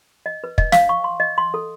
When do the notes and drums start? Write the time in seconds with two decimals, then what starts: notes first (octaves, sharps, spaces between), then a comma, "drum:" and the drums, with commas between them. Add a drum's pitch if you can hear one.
0.26 D#5
0.44 B4
0.58 D#5, drum: kick
0.72 F5, drum: snare
0.89 C#6
1.04 C6
1.20 D#5
1.38 C6
1.54 A4